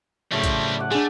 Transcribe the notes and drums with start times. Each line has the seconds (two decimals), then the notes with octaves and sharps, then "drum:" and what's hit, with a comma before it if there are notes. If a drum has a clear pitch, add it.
0.32 A2 C#3 F#3 G3 A3 C4
0.44 drum: kick, hi-hat
0.79 D5 F#5 G#5
0.91 A3 D4 G#4